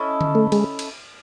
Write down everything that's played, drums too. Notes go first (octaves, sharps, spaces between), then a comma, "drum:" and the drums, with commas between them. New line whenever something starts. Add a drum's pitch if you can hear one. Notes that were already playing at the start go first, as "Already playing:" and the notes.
Already playing: C#4 E4 A4 D#5
drum: tom D3
A3
G#3, drum: cymbal
drum: cymbal